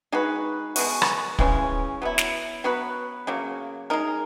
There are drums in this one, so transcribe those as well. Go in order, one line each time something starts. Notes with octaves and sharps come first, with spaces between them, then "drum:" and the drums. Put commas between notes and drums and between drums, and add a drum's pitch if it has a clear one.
G#3 D#4 F#4 B4
B2 G#3 B3 F#4, drum: open hi-hat
drum: rim click
C#3 E3 G#3 C#4, drum: kick
F#3 B3 E4
drum: snare
F#3 B3 F#4 B4
C#3 F#3 A#3
G#3 D#4 A#4